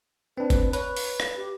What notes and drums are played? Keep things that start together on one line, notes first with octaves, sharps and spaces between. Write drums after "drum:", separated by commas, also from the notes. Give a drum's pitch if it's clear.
C4 D4 B4
drum: kick G1, hi-hat
B4 C#5, drum: hi-hat
drum: open hi-hat
drum: rim click
G4